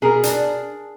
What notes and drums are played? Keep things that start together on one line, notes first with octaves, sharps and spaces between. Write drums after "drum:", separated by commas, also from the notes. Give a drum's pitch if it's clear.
B2 G#4 A#4
D4, drum: hi-hat